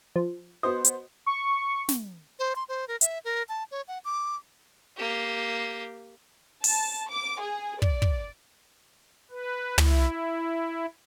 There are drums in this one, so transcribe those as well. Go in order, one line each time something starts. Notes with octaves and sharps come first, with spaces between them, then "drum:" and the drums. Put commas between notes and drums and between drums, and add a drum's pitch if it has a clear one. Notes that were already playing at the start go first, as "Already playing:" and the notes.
F3
B3 F#4 C5 D#5
drum: hi-hat
C#6
drum: snare
C5
C6
C5
A#4
E5, drum: hi-hat
A#4
A5
C#5
F#5
D6
A#3 G4
A5, drum: open hi-hat
D6
G#4
D5, drum: kick
drum: kick
B4
E4, drum: tom